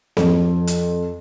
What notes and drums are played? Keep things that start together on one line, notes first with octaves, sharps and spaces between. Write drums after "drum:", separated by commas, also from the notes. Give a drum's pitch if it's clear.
F2, drum: snare C4
drum: hi-hat